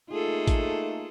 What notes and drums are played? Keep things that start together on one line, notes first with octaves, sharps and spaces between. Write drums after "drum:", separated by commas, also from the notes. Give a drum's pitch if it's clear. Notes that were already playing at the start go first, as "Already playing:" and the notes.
A3 A#3 D#4 F4 G#4 A4
drum: kick A1, hi-hat